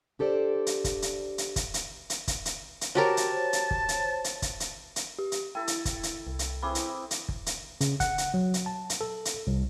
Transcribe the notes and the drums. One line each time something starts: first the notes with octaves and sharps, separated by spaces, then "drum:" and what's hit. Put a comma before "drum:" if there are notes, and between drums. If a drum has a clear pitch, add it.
D4 G4 A4 C5 D5
drum: hi-hat
drum: kick, hi-hat
drum: hi-hat
drum: hi-hat
drum: kick, hi-hat
drum: hi-hat
drum: hi-hat
drum: kick, hi-hat
drum: hi-hat
drum: hi-hat
F#4 G4 A#4 C5 C#5 A5
drum: hi-hat
drum: hi-hat
drum: kick
drum: hi-hat
drum: hi-hat
drum: kick, hi-hat
drum: hi-hat
drum: hi-hat
G4
drum: hi-hat
E4 A4 G5
drum: hi-hat
drum: kick, hi-hat
drum: hi-hat
C2
drum: hi-hat
C4 E4 G#4 B5 D6
drum: hi-hat
drum: hi-hat
drum: kick
drum: hi-hat
C#3, drum: hi-hat
F#5, drum: kick, hi-hat
drum: hi-hat
F#3
drum: hi-hat
A5
drum: hi-hat
A4
drum: hi-hat
C2